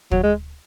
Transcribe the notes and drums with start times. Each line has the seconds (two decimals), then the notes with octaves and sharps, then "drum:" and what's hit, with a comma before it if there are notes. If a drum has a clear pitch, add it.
0.11 F#3, drum: kick
0.23 G#3